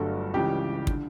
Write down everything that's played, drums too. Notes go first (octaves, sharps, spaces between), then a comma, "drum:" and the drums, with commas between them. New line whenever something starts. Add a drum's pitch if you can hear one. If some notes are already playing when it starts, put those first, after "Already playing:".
Already playing: G1 G2 F#3 A3 A4
C#2 C#3 E3 G4
D3, drum: kick